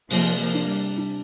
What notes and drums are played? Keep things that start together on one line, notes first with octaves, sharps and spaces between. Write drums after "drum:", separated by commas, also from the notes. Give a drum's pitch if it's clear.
C3 F3 A#3, drum: open hi-hat
F3 A#3
D4
G3
D4